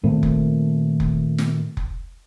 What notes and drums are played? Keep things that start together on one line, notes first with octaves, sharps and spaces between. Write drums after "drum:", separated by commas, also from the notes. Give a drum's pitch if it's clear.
A#2 D#3 A3 C4
drum: kick F1
drum: kick F1
drum: snare
drum: kick F1